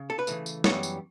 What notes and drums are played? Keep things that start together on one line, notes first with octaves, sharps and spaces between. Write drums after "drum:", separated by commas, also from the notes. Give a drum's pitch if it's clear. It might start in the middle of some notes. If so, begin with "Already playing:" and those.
Already playing: C#3
A4
B4
C#3 E3 A3, drum: tambourine
drum: tambourine
F#2 E3 G3 B3 C#5, drum: snare
drum: tambourine